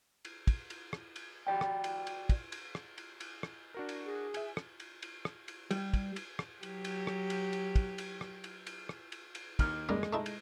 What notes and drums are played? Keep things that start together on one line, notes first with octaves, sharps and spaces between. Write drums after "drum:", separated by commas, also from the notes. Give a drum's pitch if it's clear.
drum: cymbal
drum: kick, cymbal
drum: cymbal
drum: rim click
drum: cymbal
F#4 D5 G5
drum: rim click
drum: cymbal
drum: cymbal
drum: kick, cymbal
drum: cymbal
drum: rim click
drum: cymbal
drum: cymbal
drum: rim click
D4 F#4 A#4
drum: cymbal
G#4
E5 G#5, drum: cymbal
drum: rim click
drum: cymbal
drum: cymbal
drum: rim click
drum: cymbal
G3, drum: cymbal
drum: kick, cymbal
drum: cymbal
drum: rim click
F#3 G4, drum: cymbal
drum: cymbal
drum: rim click
drum: cymbal
drum: cymbal
drum: kick, cymbal
drum: cymbal
drum: rim click
drum: cymbal
drum: cymbal
drum: rim click
drum: cymbal
drum: cymbal
D#2 F6, drum: kick, cymbal
F#2 G3 G#3 A#3
drum: rim click
A3 D#4 E4
drum: cymbal